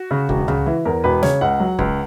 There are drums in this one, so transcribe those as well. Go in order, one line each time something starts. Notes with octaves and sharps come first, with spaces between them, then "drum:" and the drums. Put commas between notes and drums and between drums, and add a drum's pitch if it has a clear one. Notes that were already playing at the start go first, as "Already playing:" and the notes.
Already playing: F#4
C#3
E1, drum: kick
C#3, drum: tom C#2
E3
E2 A#4
E1 B4
C#3 C#5, drum: snare
C#2 F#5
F#3
C#2, drum: kick